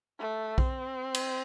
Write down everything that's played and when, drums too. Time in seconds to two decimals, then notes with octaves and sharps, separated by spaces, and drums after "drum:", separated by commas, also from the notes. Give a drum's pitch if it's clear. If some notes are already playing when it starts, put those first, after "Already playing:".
0.20 A3
0.58 C4, drum: kick B1
1.14 drum: cymbal